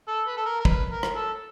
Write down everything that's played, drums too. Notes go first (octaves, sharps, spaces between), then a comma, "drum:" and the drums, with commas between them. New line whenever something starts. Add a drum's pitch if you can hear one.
A4
B4
A4
A#4
A#4
B4, drum: kick
A#4
drum: rim click
A4